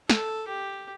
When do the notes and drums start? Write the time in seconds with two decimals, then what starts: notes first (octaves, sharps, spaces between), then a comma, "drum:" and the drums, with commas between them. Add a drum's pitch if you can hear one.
0.10 A4, drum: snare
0.48 G4